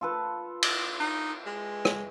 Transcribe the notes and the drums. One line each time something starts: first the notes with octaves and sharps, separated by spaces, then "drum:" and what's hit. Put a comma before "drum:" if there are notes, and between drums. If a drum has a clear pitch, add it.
F4 A4 B4
drum: cymbal
D#4
G#3
drum: rim click